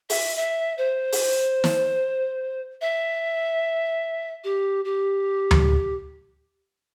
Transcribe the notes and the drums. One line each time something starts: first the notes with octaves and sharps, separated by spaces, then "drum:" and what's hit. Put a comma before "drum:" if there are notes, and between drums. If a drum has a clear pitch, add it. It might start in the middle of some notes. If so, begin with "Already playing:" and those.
E5, drum: open hi-hat
E5
C5
drum: open hi-hat
drum: snare
E5
G4
G4
drum: tom D2